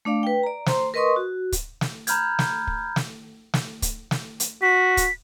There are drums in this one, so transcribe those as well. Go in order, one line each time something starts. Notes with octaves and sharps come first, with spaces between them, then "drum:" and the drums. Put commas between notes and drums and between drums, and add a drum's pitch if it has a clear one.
A3 D4 D5 F5
B4 G5
D5 A#5
C5 A#5 C6, drum: snare
A#4 B4 D#5 C6 C#6 D#6
F#4
drum: kick, hi-hat
drum: snare
A#5 B5 F6 G6 G#6, drum: hi-hat
drum: snare
drum: kick
drum: snare
drum: snare
drum: kick, hi-hat
drum: snare
drum: hi-hat
F#4 B6
drum: kick, hi-hat